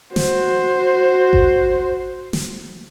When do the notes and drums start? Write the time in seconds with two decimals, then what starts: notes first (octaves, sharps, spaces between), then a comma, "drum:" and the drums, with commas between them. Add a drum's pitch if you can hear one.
0.16 F#4 C5, drum: snare
1.33 drum: kick G#1
2.33 drum: snare